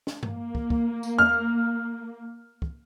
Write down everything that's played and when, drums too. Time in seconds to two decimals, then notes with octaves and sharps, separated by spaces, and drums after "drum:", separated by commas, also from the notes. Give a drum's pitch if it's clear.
0.07 drum: snare
0.23 A#3, drum: tom G2
0.55 drum: kick
0.70 drum: kick
1.03 drum: tambourine
1.18 F6, drum: tom E2
2.62 drum: kick